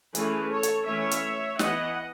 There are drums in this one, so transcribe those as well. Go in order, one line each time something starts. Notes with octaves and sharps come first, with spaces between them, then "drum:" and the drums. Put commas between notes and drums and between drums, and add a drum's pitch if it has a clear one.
E3 A3 C#4 G#4 B4, drum: hi-hat
A4 C#5
drum: hi-hat
E3 A3 C#4 C#5 E5
drum: hi-hat
E3 B3 D#5 F#5, drum: snare